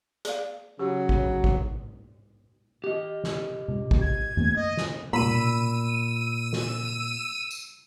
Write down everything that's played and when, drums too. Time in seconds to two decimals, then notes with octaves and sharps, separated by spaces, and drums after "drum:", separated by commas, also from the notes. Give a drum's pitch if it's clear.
0.25 G#4 D5 F5, drum: hi-hat
0.79 C#3 F#3 G4
1.09 drum: kick A1
1.44 drum: kick A1
2.84 G4 D#5
3.24 drum: snare
3.68 drum: tom B2
3.91 drum: kick A1
4.01 G#6
4.37 drum: tom F#2
4.56 D#5
4.77 drum: snare
5.13 A#2 B5 E6 D#7
5.23 drum: tom B2
6.53 drum: snare
7.51 drum: tambourine